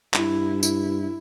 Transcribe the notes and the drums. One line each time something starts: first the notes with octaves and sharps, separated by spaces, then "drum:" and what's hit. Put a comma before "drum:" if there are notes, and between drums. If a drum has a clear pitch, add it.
G2 E4, drum: clap
E4, drum: tambourine